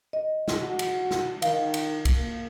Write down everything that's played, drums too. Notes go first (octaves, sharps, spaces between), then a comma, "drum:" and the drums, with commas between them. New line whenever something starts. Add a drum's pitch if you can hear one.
D#5
drum: snare
F#4
drum: cymbal
drum: snare
D#3 F5, drum: cymbal
drum: cymbal
drum: kick, cymbal
A#3